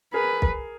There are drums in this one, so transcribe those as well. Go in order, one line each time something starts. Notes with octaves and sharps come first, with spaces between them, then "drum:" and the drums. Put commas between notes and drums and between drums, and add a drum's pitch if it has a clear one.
G#4 A#4 B4
drum: kick